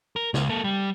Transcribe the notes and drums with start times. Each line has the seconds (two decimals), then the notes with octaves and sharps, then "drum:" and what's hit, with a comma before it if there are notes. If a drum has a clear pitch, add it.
0.16 A#4
0.34 C#2, drum: snare
0.49 A#3 A4
0.64 G3